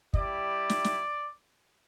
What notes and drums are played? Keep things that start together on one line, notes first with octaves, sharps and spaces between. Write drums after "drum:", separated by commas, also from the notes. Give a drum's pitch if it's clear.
G3 E4 G4 D5, drum: kick
drum: snare
drum: snare